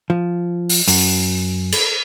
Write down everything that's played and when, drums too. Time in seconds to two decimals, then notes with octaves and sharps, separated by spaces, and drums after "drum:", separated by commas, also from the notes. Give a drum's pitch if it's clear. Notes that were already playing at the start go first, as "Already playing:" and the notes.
0.10 F3
0.69 drum: open hi-hat
0.88 F#2, drum: open hi-hat
1.72 drum: cymbal